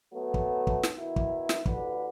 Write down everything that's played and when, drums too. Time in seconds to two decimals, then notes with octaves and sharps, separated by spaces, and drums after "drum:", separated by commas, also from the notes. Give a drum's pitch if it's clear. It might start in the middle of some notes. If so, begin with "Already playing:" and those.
0.13 F#3 A3 B3
0.34 drum: kick
0.67 drum: kick
0.83 drum: snare
0.96 B2 D#3 E4
1.16 drum: kick
1.49 drum: snare
1.66 A1 D2 D3 B4, drum: kick